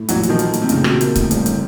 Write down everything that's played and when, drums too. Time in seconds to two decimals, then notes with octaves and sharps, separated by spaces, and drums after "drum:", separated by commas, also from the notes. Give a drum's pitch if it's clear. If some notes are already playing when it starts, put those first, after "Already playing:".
Already playing: A2
0.09 A#1 E3 F#3, drum: hi-hat
0.23 F#3, drum: hi-hat
0.29 D#3 F3
0.39 A#3, drum: hi-hat
0.54 A2, drum: hi-hat
0.62 C3
0.69 A#1 C#3, drum: hi-hat
0.84 F#3, drum: rim click
1.01 A#3, drum: hi-hat
1.15 A2, drum: kick, hi-hat
1.31 G1, drum: hi-hat
1.46 D3, drum: hi-hat